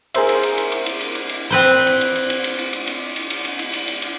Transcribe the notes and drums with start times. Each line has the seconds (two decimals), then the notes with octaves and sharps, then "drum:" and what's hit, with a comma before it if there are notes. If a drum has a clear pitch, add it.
0.14 G#4 A#4 C5 E5, drum: cymbal
0.29 drum: cymbal
0.43 drum: cymbal
0.58 drum: cymbal
0.72 drum: cymbal
0.86 drum: cymbal
1.01 drum: cymbal
1.15 drum: cymbal
1.29 drum: cymbal
1.51 C4 B4 C5
1.87 drum: cymbal
2.01 drum: cymbal
2.15 drum: cymbal
2.30 drum: cymbal
2.44 drum: cymbal
2.59 drum: cymbal
2.73 drum: cymbal
2.87 drum: cymbal
3.16 drum: cymbal
3.30 drum: cymbal
3.45 drum: cymbal
3.59 drum: cymbal
3.73 drum: cymbal
3.88 drum: cymbal
4.02 drum: cymbal